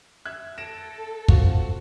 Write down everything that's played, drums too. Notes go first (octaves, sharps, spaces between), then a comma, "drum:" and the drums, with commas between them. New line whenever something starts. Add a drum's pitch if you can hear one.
E5 F#6 G#6
A4 A#6 D7 E7
C4 F4 F#4, drum: kick